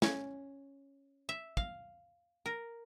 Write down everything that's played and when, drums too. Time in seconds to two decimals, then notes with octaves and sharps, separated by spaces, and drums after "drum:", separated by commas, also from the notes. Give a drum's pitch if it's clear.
0.02 C#4, drum: snare
1.29 E5
1.57 F5, drum: kick
2.46 A#4